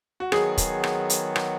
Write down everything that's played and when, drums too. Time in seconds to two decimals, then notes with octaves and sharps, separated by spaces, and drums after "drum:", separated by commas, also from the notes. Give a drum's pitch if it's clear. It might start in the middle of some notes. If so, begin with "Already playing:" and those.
0.20 F#4
0.32 D#3 F#3 B3 G#4, drum: rim click
0.58 drum: kick, hi-hat
0.84 drum: rim click
1.10 drum: hi-hat
1.36 drum: rim click